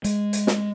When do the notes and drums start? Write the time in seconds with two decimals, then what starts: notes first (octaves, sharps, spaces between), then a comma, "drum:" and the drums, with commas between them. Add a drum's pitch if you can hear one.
0.04 G#3, drum: hi-hat
0.33 drum: hi-hat
0.47 drum: snare